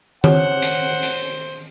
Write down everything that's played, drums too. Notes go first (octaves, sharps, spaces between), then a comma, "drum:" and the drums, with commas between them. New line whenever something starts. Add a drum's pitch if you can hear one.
C5 C#5 F#5, drum: tom D#3
drum: hi-hat
drum: hi-hat